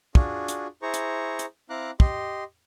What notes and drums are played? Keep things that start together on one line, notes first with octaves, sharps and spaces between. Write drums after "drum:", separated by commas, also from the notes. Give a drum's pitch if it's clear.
D4 F4 F#4 G#4, drum: kick
drum: hi-hat
E4 G#4 C5 A#5 C#6
drum: hi-hat
drum: hi-hat
C4 E4 F5 A#5 D6 F#6
G4 D#5 C6, drum: kick